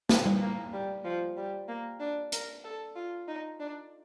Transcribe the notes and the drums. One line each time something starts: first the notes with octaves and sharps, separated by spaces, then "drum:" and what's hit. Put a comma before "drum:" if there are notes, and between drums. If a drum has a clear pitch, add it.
C4, drum: snare
drum: tom G3
A#3
G3
F3
G3
A#3
D4
A#4, drum: hi-hat
A4
F4
D#4
D4